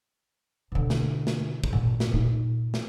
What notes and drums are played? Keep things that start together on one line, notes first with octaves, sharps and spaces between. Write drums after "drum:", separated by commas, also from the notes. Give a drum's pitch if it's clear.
B2 D3
drum: snare
drum: snare
drum: kick
A#2
drum: snare
A#2 D#4
drum: snare